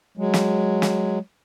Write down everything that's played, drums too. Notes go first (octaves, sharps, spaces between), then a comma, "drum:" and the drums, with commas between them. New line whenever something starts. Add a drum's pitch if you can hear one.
F#3 G#3
drum: snare
drum: snare